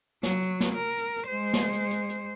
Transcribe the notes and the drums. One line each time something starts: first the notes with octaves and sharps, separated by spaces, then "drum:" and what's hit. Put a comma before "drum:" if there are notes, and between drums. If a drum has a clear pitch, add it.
F#3, drum: snare
drum: hi-hat
drum: snare
A#4
drum: hi-hat
drum: hi-hat
G#3 C5
drum: snare
drum: hi-hat
drum: hi-hat
drum: hi-hat